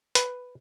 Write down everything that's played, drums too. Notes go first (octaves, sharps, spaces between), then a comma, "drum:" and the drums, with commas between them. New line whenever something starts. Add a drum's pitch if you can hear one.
B4, drum: hi-hat